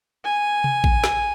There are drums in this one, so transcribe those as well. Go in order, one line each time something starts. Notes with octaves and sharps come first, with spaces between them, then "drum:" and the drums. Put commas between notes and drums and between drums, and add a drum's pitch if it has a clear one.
G#5
drum: tom C3
drum: kick A1
drum: snare